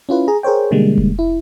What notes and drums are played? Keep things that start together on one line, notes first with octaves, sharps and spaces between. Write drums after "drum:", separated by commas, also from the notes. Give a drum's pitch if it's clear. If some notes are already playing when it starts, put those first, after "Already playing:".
C#4 E4 F4 B4
G#4 A#5
G#4 A#4 C5 C#5 G5
B2 D3 G3 G#3 A#3
drum: kick F1
E4